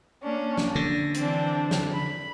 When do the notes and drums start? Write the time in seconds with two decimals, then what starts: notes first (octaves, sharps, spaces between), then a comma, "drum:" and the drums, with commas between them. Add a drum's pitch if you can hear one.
0.23 A#3 C#4 D4
0.58 drum: snare
0.75 D3 A#6
1.14 E3 C4 D4, drum: hi-hat
1.71 drum: snare
1.92 B5